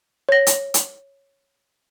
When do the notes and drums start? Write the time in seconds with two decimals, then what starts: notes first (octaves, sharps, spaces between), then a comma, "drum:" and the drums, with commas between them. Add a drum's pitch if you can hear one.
0.29 C#5 A#6
0.47 drum: hi-hat
0.74 drum: hi-hat